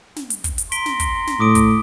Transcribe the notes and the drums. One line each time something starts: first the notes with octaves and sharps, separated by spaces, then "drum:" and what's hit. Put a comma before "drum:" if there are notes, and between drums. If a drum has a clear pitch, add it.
drum: snare
drum: hi-hat
drum: kick, hi-hat
drum: hi-hat
A#5 C6 B6 D7 G7, drum: hi-hat
drum: snare
drum: kick, hi-hat
drum: snare
A2 D6 D#6 D7
drum: kick, hi-hat